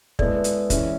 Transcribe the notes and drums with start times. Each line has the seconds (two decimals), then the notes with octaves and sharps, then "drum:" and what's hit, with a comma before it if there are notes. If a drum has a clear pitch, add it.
0.19 G#3 B3 E4 A4 D5, drum: kick
0.44 drum: hi-hat
0.70 E3 G#3 C#4 E4, drum: kick, hi-hat